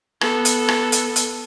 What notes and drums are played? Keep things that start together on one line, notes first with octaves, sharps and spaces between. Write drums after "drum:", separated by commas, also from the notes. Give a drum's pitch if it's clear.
B3 A4, drum: rim click
drum: hi-hat
drum: rim click
drum: hi-hat
drum: hi-hat